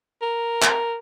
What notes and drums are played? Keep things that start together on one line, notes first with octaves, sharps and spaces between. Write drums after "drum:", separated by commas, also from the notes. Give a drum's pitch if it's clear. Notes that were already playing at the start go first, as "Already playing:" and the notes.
A#4
drum: clap